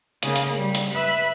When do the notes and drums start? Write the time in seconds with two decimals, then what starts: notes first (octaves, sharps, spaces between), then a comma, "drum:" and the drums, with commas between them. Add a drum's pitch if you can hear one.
0.23 C#3 A#3, drum: hi-hat
0.36 drum: hi-hat
0.56 G3
0.75 drum: hi-hat
0.93 B4 E5